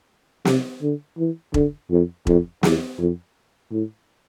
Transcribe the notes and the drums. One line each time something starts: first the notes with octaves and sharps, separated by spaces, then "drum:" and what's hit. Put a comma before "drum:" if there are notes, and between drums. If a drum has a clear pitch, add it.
C3, drum: snare
D3
E3
D3, drum: kick E1
F2
F2, drum: kick E1
E2, drum: snare
F2
A2